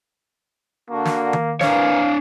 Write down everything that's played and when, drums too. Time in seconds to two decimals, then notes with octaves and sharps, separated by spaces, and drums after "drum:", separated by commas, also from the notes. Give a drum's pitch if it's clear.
0.90 D3 A#3 D4 F#4
1.05 drum: snare
1.33 drum: tom D#3
1.61 E3 A#3 D4 C#5 F5, drum: snare